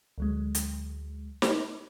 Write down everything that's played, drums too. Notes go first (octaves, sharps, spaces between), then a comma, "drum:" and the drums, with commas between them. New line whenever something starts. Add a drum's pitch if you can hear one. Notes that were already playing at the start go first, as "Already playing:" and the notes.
D2 F#3 G#3
drum: hi-hat
drum: snare